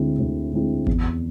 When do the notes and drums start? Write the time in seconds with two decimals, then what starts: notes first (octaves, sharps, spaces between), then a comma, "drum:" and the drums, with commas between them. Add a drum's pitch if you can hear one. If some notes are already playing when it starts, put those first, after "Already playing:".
Already playing: D2 D3 G#3 C4 E4
0.19 D2
0.53 D3 G#3 C4 E4
0.87 E2, drum: kick G#1